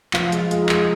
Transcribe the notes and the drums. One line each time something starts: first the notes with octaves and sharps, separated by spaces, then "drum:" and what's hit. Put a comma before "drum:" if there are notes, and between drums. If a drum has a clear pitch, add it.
F3 F4, drum: clap
G#3, drum: hi-hat
F4
G#3, drum: hi-hat
D#4
G#3, drum: clap